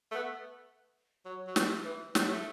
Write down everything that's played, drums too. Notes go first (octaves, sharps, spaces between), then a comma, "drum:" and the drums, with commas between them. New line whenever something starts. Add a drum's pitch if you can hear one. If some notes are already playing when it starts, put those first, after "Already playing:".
A3
B3
F#3
F#3
E3, drum: snare
E3
F#3, drum: snare
A3